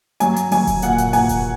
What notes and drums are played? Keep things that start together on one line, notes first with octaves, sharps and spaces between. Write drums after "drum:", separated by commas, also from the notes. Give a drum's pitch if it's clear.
F#3 G#5, drum: hi-hat
drum: hi-hat
F#3 G#5, drum: open hi-hat
drum: kick E1, hi-hat
A#2 F#5, drum: hi-hat
drum: hi-hat
A#2 G#5, drum: open hi-hat
drum: kick E1, hi-hat